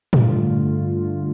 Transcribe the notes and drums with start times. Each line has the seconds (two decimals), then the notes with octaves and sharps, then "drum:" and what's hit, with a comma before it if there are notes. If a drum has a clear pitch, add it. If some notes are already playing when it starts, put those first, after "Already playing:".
0.13 G2 D3 A3 F4, drum: tom A2